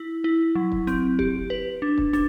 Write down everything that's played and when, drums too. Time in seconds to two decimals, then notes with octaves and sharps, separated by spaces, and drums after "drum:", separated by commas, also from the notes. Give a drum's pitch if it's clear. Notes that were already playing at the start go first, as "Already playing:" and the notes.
Already playing: E4
0.24 E4
0.55 F#3
0.72 drum: kick
0.87 C4, drum: snare
1.19 G4, drum: kick
1.50 B4
1.82 D4
1.98 drum: kick
2.13 D4, drum: snare